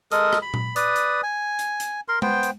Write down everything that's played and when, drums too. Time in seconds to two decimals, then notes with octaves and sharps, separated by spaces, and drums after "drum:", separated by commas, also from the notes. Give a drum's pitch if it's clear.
0.12 G#3 A4 A#4 D#6, drum: hi-hat
0.33 drum: rim click
0.42 B5
0.54 drum: tom A#2
0.76 B4 D5 D#6, drum: hi-hat
0.96 drum: hi-hat
1.23 G#5
1.59 drum: hi-hat
1.80 drum: hi-hat
2.08 A#4 C6
2.22 B3 C5 G5, drum: tom G#3
2.43 drum: hi-hat